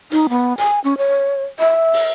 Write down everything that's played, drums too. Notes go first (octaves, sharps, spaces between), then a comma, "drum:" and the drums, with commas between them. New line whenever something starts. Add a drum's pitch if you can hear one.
D#4, drum: hi-hat
B3
G#5, drum: hi-hat
C#4
C#5
E5
drum: open hi-hat